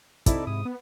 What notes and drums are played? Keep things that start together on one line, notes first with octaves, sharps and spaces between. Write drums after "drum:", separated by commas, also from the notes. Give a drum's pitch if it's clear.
C3 D#4 E4 A4 D5, drum: kick, hi-hat
G#2 D#6
B3